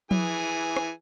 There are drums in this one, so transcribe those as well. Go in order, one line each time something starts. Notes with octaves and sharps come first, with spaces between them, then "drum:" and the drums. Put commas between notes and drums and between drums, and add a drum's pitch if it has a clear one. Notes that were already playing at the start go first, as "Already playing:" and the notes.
E3 G#4 G#5, drum: tom F3
drum: rim click